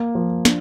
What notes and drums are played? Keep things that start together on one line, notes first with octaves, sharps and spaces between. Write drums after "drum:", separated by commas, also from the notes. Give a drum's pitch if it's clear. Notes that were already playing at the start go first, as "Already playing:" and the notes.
Already playing: A#3
F3
D4, drum: snare